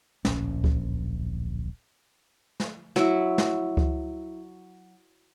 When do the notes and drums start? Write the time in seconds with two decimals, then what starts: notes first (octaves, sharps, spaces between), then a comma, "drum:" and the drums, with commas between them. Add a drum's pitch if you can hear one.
0.25 D1 A#1 C#4, drum: snare
0.64 drum: kick C#2
2.60 drum: snare
2.96 F#3 E4, drum: snare
3.38 drum: snare
3.77 drum: kick C#2